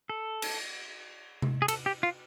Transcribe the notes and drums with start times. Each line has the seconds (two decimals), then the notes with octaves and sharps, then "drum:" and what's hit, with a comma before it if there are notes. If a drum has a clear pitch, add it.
0.09 A4
0.42 drum: cymbal
1.42 drum: tom C3
1.62 G#4
1.68 A4, drum: cymbal
1.86 G4
2.03 F4